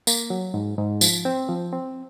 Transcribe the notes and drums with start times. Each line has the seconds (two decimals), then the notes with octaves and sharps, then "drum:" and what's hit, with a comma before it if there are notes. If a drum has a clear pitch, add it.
0.07 A#3, drum: tambourine
0.30 F#3
0.54 G#2
0.78 G#2
1.01 F3, drum: tambourine
1.25 C4
1.49 F3
1.73 C4